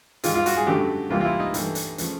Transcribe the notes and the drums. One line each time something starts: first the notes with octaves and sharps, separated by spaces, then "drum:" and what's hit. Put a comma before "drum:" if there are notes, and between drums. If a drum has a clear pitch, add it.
G#2 D#3 G#3 F4, drum: hi-hat
F4
F#4, drum: hi-hat
G#4
F#2 D3 F#3 A3 G4
C2 C3 E3 G3 A#3 F4
F4
E4
D#4
G2 E3 A3, drum: hi-hat
drum: hi-hat
C#3 F3 A3, drum: hi-hat